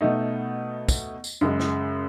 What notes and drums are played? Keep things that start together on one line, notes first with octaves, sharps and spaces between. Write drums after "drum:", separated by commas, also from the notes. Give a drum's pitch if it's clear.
B2 A3 D#4
drum: kick, tambourine
drum: tambourine
F#2 C#3 G#3
drum: snare